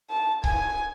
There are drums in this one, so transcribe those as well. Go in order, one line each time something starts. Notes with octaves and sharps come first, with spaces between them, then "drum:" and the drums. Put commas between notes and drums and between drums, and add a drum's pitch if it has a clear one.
A5
G#5, drum: kick C#1